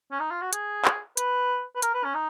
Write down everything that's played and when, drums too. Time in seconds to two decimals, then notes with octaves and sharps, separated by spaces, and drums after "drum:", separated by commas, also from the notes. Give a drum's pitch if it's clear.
0.12 C#4
0.20 D#4
0.31 F4
0.42 F#4
0.53 G#4, drum: hi-hat
0.85 drum: clap
1.17 B4, drum: hi-hat
1.76 B4
1.82 A#4, drum: hi-hat
1.94 B4
2.04 C#4
2.14 D#4